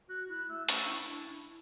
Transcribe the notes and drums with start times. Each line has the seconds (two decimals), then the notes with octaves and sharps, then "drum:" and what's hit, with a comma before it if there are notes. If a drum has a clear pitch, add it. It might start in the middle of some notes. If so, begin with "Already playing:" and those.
0.09 F#4 F#6
0.29 E4 F#6
0.49 A3 E6
0.69 C#4 C#6, drum: hi-hat
0.85 D4
0.89 E4
1.08 D4
1.28 E4